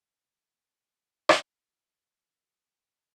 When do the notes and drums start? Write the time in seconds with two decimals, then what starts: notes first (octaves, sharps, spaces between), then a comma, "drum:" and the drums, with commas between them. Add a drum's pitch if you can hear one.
0.20 C3
0.35 C3
1.29 drum: rim click
2.12 G5
2.46 G#4
2.92 D#5